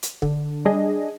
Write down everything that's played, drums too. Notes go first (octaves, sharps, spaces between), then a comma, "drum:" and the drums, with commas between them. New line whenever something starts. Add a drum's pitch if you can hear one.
drum: hi-hat
D3, drum: kick
G3 D4 G#4 D#5